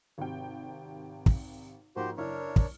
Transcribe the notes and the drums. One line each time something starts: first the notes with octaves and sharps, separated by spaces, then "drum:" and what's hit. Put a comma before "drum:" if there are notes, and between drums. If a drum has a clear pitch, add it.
G#1 C3 G5
drum: kick
G#2 F3 A#3 F#4 G4 C5
F#1 D4 E4 A#4 C#5 F6
drum: kick